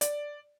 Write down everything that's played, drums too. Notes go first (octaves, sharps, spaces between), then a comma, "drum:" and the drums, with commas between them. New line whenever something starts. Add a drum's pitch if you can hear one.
D5, drum: hi-hat